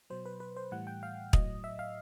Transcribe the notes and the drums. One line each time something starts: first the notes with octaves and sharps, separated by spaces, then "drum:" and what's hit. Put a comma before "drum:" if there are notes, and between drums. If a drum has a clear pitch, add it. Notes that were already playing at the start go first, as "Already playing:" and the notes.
B2 F#3 C5
B4
B4
C5
A2 E3 G3 F#5
G5
F5
A2 F#3 D#5, drum: kick
E5
F5